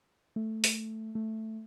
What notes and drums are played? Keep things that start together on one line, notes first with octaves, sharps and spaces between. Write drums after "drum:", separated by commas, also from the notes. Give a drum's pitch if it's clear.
A3
drum: open hi-hat
A3